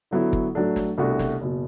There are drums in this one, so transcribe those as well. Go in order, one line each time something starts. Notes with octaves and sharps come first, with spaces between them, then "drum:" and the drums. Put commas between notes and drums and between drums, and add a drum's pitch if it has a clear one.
D3 F#3 B3 E4
drum: kick
A2 F#3 A3 D4 A4
drum: snare
C2 B2 A3 D4 F#4
drum: snare
F#1 B2